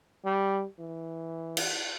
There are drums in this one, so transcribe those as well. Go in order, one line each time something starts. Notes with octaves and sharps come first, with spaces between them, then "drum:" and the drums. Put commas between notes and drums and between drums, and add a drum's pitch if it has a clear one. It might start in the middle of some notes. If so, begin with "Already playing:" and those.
G3
E3
drum: cymbal